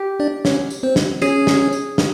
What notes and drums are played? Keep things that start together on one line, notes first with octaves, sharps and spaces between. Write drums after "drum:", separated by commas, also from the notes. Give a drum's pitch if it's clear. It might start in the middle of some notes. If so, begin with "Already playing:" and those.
Already playing: G4
D4 D5
C#4 C#5, drum: snare
drum: tambourine
C4 C5
drum: snare
C#4 G#4 C#5, drum: tambourine
drum: snare
drum: tambourine
drum: snare